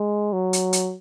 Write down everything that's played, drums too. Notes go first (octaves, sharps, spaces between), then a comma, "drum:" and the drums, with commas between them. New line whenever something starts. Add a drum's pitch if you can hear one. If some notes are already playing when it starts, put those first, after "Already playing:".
Already playing: G#3
F#3
drum: hi-hat
drum: hi-hat